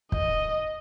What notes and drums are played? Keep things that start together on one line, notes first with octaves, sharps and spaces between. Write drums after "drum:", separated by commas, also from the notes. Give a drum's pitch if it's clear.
D#5, drum: kick